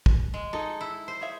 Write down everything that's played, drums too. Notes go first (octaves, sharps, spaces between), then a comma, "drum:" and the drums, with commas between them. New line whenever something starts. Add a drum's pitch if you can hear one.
drum: kick
G#3
D#4 G#4 A4
E4
C5
G#4 C#5 E5